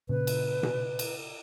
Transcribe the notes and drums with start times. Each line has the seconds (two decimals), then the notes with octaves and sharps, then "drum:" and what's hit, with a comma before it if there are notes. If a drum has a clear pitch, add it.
0.09 A#2 C#3 B4
0.27 drum: cymbal
0.63 drum: tom B2
0.99 drum: cymbal